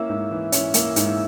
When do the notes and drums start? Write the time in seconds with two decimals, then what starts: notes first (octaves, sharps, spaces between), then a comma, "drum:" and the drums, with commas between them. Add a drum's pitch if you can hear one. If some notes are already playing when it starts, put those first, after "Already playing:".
Already playing: A#3 C#4 E4 E5
0.09 G#2
0.31 E3
0.52 C#4, drum: hi-hat
0.74 A#3, drum: hi-hat
0.96 G#2, drum: hi-hat